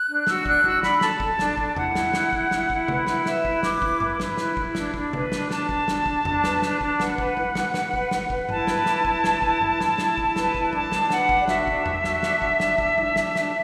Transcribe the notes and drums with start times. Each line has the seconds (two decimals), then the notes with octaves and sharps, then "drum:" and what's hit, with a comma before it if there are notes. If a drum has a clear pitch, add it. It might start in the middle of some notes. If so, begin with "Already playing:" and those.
Already playing: F#6
0.08 D4
0.27 F#4 E6, drum: snare
0.46 D4 F#6, drum: kick
0.64 F#4 E6, drum: tom
0.83 D4 B5, drum: snare
1.01 A4 A5, drum: snare
1.20 A4, drum: kick
1.39 D4, drum: snare
1.57 D4, drum: kick
1.77 E4 F#5, drum: tom E2
1.95 E4, drum: snare
2.14 E4, drum: snare
2.33 E4, drum: kick
2.51 E4, drum: snare
2.70 E4, drum: kick
2.88 B4, drum: tom C3
3.07 E4, drum: snare
3.26 B4 E5, drum: snare
3.45 E4, drum: kick
3.63 B4 D6, drum: snare
3.82 E4, drum: kick
4.00 B4, drum: tom G2
4.20 B4, drum: snare
4.37 E4, drum: snare
4.57 E4, drum: kick
4.75 D4, drum: snare
4.94 D4, drum: kick
5.13 B4, drum: tom C3
5.32 D4, drum: snare
5.51 D4 A5, drum: snare
5.69 D4, drum: kick
5.88 D4, drum: snare
6.06 D4, drum: kick
6.25 D4, drum: tom E2
6.44 B4, drum: snare
6.62 D4, drum: snare
6.81 D4, drum: kick
7.00 B4 F#5, drum: snare
7.18 B4, drum: kick
7.37 B4, drum: tom
7.55 B4, drum: snare
7.74 B4, drum: snare
7.94 B4, drum: kick
8.11 B4, drum: snare
8.30 B4, drum: kick
8.49 E4 A5, drum: tom G2
8.67 B4, drum: snare
8.86 E4, drum: snare
9.05 E4, drum: kick
9.24 B4, drum: snare
9.42 E4, drum: kick
9.61 E4, drum: tom G2
9.81 E4, drum: snare
9.98 E4, drum: snare
10.18 E4, drum: kick
10.36 B4, drum: snare
10.55 E4, drum: kick
10.73 D4 A5, drum: tom
10.92 D4, drum: snare
11.10 B4 F#5, drum: snare
11.29 D4, drum: kick
11.40 D5
11.48 F#4 E5, drum: snare
11.67 D4, drum: kick
11.86 D4, drum: tom E2
12.04 F#4, drum: snare
12.23 D4, drum: snare
12.42 D4, drum: kick
12.60 D4, drum: snare
12.78 D4, drum: kick
12.98 D4, drum: tom
13.16 D4, drum: snare
13.36 D4, drum: snare